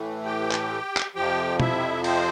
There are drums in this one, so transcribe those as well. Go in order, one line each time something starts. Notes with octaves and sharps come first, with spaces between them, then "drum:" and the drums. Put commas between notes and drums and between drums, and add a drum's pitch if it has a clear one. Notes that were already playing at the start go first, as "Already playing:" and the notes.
Already playing: A2 E3 A3
G4 G5
drum: clap
drum: clap
F2 C3 F3 G4 G5
E4 E5, drum: tom
C4 C5, drum: cymbal